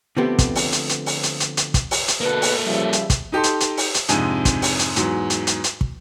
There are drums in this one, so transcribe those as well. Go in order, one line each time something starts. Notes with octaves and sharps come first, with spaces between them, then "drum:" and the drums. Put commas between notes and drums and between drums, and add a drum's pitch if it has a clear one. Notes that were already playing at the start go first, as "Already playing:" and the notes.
D3 F3 A3 B3 C4 G4
drum: kick, hi-hat
drum: open hi-hat
drum: hi-hat
drum: hi-hat
drum: open hi-hat
drum: hi-hat
drum: hi-hat
drum: hi-hat
drum: kick, hi-hat
drum: open hi-hat
drum: hi-hat
B2 D3 A#3 A4 B4
drum: open hi-hat
C#3 F3 G3 E5
drum: hi-hat
drum: kick, hi-hat
D#4 G4 A4 C6
drum: hi-hat
drum: hi-hat
drum: open hi-hat
drum: hi-hat
F2 G#2 C3 G#3 D4, drum: hi-hat
drum: kick, hi-hat
drum: open hi-hat
drum: hi-hat
E2 G#2 F#3, drum: hi-hat
drum: hi-hat
drum: hi-hat
drum: hi-hat
drum: kick